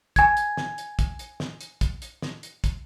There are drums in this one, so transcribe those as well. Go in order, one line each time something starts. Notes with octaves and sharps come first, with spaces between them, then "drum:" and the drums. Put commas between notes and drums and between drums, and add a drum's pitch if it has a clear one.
G#5 G#6, drum: kick, hi-hat
drum: hi-hat
drum: snare
drum: hi-hat
drum: kick, hi-hat
drum: hi-hat
drum: snare
drum: hi-hat
drum: kick, hi-hat
drum: hi-hat
drum: snare
drum: hi-hat
drum: kick, hi-hat